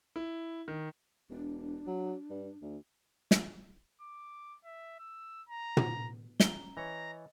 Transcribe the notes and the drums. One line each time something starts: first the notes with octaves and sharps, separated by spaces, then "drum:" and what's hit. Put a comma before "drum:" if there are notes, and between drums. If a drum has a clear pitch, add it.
E4
D#3
E1 D4
F#3
G2
D2
drum: snare
D6
E5
E6
A#5
drum: tom
C#4 A#5 G7, drum: snare
E3 C#5 D#5 A#5 A6